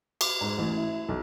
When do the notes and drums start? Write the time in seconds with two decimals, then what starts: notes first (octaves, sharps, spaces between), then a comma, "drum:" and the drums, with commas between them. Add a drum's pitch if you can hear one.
0.21 D6, drum: cymbal
0.41 G#2
0.58 A1
0.77 E4
1.08 B1